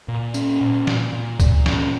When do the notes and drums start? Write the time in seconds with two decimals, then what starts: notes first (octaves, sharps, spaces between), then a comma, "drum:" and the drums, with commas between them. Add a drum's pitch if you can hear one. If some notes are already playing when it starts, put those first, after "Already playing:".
0.08 A#2
0.34 C#4, drum: tambourine
0.61 A#2
0.87 A#2, drum: snare
1.13 A#2
1.40 A#2, drum: kick, tambourine
1.66 C#4, drum: snare